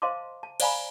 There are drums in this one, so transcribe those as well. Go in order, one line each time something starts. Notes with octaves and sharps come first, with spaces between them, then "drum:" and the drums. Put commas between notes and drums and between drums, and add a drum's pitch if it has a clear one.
C5 D#5 F5 A5 C6 D6
A5
C5 D5 F5 G#5 A#5 B5, drum: cymbal